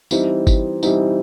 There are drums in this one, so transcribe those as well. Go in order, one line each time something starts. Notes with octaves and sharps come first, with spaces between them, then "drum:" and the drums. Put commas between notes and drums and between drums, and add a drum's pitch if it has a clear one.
E3 G3 C4 D#4, drum: tambourine
drum: kick G1, tambourine
E3 G3 C4 D#4, drum: tambourine